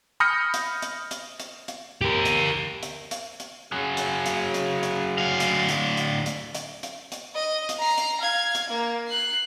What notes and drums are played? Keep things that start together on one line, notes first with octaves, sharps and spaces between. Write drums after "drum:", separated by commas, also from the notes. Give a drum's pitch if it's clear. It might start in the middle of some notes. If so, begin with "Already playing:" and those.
B5 D#6 F6 G6 A#6 C#7
drum: hi-hat
drum: hi-hat
drum: hi-hat
drum: hi-hat
drum: hi-hat
G4 A#4
drum: hi-hat
drum: hi-hat
drum: hi-hat
drum: hi-hat
C#3 F#3 G#4
drum: hi-hat
drum: hi-hat
drum: hi-hat
drum: hi-hat
D2 F5
drum: hi-hat
drum: hi-hat
drum: hi-hat
drum: hi-hat
drum: hi-hat
drum: hi-hat
drum: hi-hat
D#5
drum: hi-hat
A#5 C7
drum: hi-hat
F5 G#6
drum: hi-hat
A#3
F#6 C7